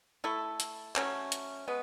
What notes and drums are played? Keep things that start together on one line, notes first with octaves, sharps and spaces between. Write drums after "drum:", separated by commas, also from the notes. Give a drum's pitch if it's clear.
A3 E4 A4
drum: hi-hat
F#3 A3 C#4, drum: clap
drum: hi-hat
G#3 B3